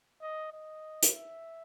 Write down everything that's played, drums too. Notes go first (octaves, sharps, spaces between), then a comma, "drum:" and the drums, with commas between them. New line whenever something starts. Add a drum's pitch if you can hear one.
D#5
D#5
drum: hi-hat
E5